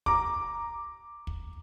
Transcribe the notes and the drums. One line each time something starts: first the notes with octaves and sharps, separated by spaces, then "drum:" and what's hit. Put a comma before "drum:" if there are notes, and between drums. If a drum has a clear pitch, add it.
A#5 D6, drum: kick
drum: kick